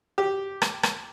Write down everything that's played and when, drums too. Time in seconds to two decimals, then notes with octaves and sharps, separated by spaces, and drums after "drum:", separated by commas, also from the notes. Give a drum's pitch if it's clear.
0.18 G4
0.62 drum: rim click
0.83 drum: rim click